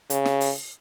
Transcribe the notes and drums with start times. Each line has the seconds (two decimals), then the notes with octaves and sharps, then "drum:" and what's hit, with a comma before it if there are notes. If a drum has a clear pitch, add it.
0.10 C#3, drum: hi-hat
0.25 drum: snare
0.41 drum: open hi-hat